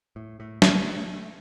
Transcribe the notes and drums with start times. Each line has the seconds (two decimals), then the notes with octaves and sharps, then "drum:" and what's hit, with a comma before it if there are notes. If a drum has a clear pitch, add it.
0.16 A2
0.40 A2
0.62 A#2, drum: snare
0.74 A#3
0.80 A3
0.97 A3
1.13 A3